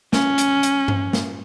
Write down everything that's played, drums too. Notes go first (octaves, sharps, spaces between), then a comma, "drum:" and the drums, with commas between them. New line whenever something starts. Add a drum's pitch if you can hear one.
C#4, drum: snare
drum: hi-hat
drum: hi-hat
drum: tom G2
drum: snare